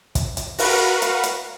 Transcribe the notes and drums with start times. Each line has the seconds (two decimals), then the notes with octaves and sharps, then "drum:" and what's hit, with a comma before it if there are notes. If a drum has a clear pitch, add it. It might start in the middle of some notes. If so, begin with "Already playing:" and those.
0.15 drum: kick, hi-hat
0.37 drum: hi-hat
0.58 F#4 A#4 B4 F5 F#5, drum: open hi-hat
1.02 drum: hi-hat
1.23 drum: hi-hat